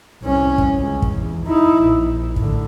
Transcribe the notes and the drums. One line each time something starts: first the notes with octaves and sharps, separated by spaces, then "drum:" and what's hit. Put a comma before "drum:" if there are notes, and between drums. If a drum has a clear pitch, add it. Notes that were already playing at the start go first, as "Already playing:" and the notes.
C2 C#4
drum: kick
C#2
drum: kick
E2
D#4 E4
A#1
A2 D3, drum: kick